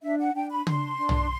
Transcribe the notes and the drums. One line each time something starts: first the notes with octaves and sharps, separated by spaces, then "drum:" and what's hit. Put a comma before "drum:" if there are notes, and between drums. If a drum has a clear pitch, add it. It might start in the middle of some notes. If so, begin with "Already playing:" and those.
D4 E5
F#5
D4 G5
B5
D4 C6, drum: tom C#3
D4
drum: tom